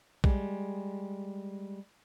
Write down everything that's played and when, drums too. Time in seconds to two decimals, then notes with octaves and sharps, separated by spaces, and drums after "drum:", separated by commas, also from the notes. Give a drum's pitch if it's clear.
0.24 G3 G#3, drum: kick A#1